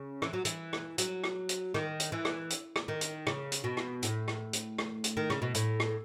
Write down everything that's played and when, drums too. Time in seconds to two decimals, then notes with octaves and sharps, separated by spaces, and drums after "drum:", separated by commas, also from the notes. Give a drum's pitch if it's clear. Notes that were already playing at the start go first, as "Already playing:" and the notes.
Already playing: C#3
0.22 E3, drum: rim click
0.33 F#3
0.45 E3, drum: hi-hat
0.73 drum: rim click
0.98 F#3, drum: hi-hat
1.24 drum: rim click
1.49 drum: hi-hat
1.74 D#3, drum: rim click
2.00 drum: hi-hat
2.12 E3
2.25 drum: rim click
2.50 drum: hi-hat
2.76 drum: rim click
2.88 D#3
3.01 drum: hi-hat
3.27 C#3, drum: rim click
3.52 drum: hi-hat
3.64 B2
3.77 drum: rim click
4.03 A2, drum: hi-hat
4.28 drum: rim click
4.53 drum: hi-hat
4.78 drum: rim click
5.04 drum: hi-hat
5.17 D#3
5.30 C#3, drum: rim click
5.42 B2
5.55 A2, drum: hi-hat
5.80 drum: rim click